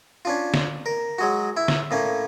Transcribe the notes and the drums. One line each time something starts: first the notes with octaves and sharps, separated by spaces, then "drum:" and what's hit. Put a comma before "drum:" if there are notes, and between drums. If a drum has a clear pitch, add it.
C#4 D4 F4
drum: snare
A#4
F#3 G#3 F#4
E4
drum: snare
A2 A#3 C#4